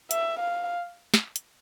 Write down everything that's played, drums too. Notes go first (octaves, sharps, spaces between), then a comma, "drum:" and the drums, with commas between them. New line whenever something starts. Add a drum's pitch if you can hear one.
E5, drum: hi-hat
F5
drum: snare
drum: hi-hat